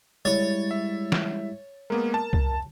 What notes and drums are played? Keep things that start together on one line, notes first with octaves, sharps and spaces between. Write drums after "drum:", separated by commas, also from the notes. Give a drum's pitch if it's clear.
G3 G#3 E4 C#5 A6
E5
drum: snare
G#3 A#3 B3 A#4
A5
drum: kick C2